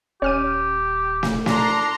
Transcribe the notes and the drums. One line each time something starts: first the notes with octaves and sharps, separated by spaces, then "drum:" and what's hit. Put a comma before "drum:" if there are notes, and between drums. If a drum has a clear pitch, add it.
D#1 C#4 G4 F6 D#7
drum: snare
D4 A5 A#5 C6, drum: snare